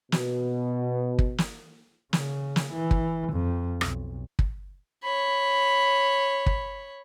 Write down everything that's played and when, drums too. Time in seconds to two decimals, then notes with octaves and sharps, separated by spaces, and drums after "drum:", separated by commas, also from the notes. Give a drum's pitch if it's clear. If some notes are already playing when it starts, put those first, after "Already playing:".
0.12 B2, drum: snare
1.19 drum: kick
1.38 drum: snare
2.13 C#3, drum: snare
2.56 drum: snare
2.72 E3
2.91 drum: kick
3.32 F2
3.81 B1, drum: rim click
4.39 drum: kick
5.03 C#5 B5
6.46 drum: kick